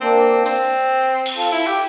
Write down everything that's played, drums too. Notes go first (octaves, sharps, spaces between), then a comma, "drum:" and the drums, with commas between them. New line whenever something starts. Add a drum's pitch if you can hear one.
A#3 C4 D4
C4, drum: cymbal
drum: cymbal
F4 A4
E4
G4